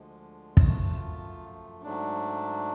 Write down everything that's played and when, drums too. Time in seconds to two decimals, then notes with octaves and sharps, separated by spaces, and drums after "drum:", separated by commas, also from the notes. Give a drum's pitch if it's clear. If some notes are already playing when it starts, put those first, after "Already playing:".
Already playing: D2 D3 F3 G#3
0.57 F#2 F3 A3 F4, drum: kick
1.83 G#2 F#3 A3 D4